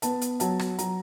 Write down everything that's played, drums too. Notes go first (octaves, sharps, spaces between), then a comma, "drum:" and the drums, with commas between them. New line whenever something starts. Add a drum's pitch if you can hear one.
B3 A5, drum: hi-hat
drum: hi-hat
F#3 A5, drum: hi-hat
drum: rim click
F#3 A#5, drum: hi-hat